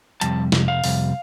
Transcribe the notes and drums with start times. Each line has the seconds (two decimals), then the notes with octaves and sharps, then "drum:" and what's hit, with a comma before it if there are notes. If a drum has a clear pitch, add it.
0.21 F2 C3 G3 A5, drum: hi-hat
0.52 F2 C3, drum: snare
0.68 F5
0.84 F2 C3 G3, drum: open hi-hat